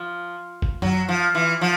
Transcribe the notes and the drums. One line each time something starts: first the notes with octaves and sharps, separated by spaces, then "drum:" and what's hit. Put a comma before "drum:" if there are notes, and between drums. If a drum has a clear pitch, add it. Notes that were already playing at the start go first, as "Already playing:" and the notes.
Already playing: F3
drum: kick G#1
F#3, drum: tom F#2
F3
E3
F3